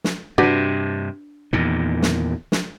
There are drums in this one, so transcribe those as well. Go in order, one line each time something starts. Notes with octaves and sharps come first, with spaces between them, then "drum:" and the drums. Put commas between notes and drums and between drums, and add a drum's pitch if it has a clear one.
drum: snare
G2 C3 D4 F#4 B4
E2 A#2 D#3
drum: snare
drum: snare